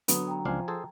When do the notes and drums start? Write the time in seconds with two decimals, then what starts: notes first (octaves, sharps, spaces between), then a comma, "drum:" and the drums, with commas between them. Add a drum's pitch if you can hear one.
0.08 D3 F#3 B3 B4 D#6, drum: hi-hat
0.28 G5 A#5
0.45 C#2 F3 D4 F5 G#5
0.68 G#4 A4 C5